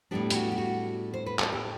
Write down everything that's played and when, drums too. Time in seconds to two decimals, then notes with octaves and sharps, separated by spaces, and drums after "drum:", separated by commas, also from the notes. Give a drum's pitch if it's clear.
0.11 A2 G3 B3 D4 G4
0.30 E4, drum: hi-hat
0.34 F#4
0.52 G4
0.58 F#4
1.14 C5
1.26 B4
1.39 A4, drum: clap
1.52 G4